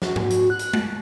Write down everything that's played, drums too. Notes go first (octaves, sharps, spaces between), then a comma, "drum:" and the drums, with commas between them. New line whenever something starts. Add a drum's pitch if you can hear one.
F#4, drum: snare
drum: tom G#2
drum: hi-hat
F#6
drum: hi-hat
drum: tom G#3